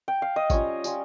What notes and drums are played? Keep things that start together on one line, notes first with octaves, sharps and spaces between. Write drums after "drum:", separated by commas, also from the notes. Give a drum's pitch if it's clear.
G5
F5
D#5
G3 C#4 F4 C#5, drum: kick, tambourine
G3 C#4 F4, drum: tambourine